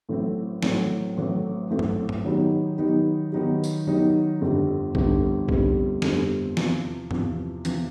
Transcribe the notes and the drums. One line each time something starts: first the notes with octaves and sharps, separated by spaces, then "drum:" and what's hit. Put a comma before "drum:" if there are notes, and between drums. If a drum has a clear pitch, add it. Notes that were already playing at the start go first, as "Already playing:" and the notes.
A1 A2 F#3 A3 C4
A1 A2 F#3 A3 C4, drum: snare
A1 A2 F#3 A3 C4
A1 A2 F#3 A3 C4
drum: tom G2
drum: tom G2
D#3 F#3 B3 D#4 G4
D#3 F#3 B3 D#4 G4
D#3 F#3 B3 D#4 G4
drum: tambourine
D#3 F#3 B3 D#4 G4
G1 F2 D3 G3 C4
G1 F2 D3 G3 C4, drum: kick B1
G1 F2 D3 G3 C4, drum: kick B1
G1 F2 D3 G3 C4, drum: snare
E2 C3 F3, drum: snare
E2 C3 F3, drum: tom G2
E2 C3 F3, drum: hi-hat